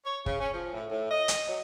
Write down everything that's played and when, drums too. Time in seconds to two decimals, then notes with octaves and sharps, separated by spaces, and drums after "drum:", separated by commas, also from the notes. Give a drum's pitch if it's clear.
0.05 C#5
0.26 C#3, drum: kick
0.40 C#4
0.54 F3
0.73 A2
0.91 A2
1.11 D#5
1.28 drum: hi-hat
1.48 F#3